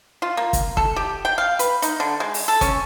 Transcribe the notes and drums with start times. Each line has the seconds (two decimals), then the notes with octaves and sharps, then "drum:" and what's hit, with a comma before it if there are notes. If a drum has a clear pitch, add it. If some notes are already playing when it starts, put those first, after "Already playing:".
0.22 F4
0.37 A#3
0.53 drum: kick, hi-hat
0.77 A4, drum: kick
0.96 G4
1.25 G5
1.38 F5
1.59 B4, drum: hi-hat
1.82 D#4, drum: hi-hat
2.00 D3
2.20 G#3
2.34 drum: open hi-hat
2.48 A4
2.61 C#4, drum: kick, hi-hat